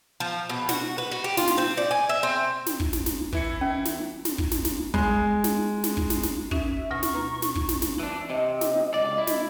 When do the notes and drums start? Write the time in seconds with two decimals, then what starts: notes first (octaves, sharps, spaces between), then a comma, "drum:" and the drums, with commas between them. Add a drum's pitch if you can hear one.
0.20 F3
0.49 B2
0.69 F#4, drum: snare
0.98 B4
1.11 F#4
1.24 G4
1.37 F4, drum: snare
1.48 drum: snare
1.58 C4
1.77 D5
1.91 G#5
2.09 E5
2.23 C4
2.67 drum: snare
2.80 drum: kick
2.93 drum: snare
3.06 drum: snare
3.33 E3 E4 C#7, drum: kick
3.61 C#4
3.86 drum: snare
4.25 drum: snare
4.38 drum: kick
4.52 drum: snare
4.65 drum: snare
4.94 G#3, drum: kick
5.44 drum: snare
5.84 drum: snare
5.97 drum: kick
6.10 drum: snare
6.23 drum: snare
6.51 C#4 D#4 F#4 E5, drum: kick
6.91 D2 B2 C#6 A#6
7.03 drum: snare
7.14 B4 A#5
7.42 drum: snare
7.56 drum: kick
7.69 drum: snare
7.82 drum: snare
8.00 E3 D4
8.30 C3 D#5
8.61 drum: snare
8.94 C#2 D5
9.18 E4
9.27 drum: snare